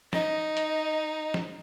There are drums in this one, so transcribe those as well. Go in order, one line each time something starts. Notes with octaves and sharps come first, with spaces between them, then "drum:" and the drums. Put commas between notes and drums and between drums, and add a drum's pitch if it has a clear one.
D#4 D#5, drum: snare
drum: hi-hat
drum: snare